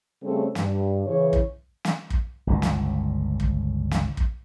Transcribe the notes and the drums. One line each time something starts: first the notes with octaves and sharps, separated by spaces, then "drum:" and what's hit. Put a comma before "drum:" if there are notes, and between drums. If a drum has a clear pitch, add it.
C#3 G3 A3 C4 C#4 A4
G2, drum: snare
C#3 E3 C#5
drum: kick
drum: snare
drum: kick
G1 C#2 A2
drum: snare
drum: kick
drum: snare
drum: kick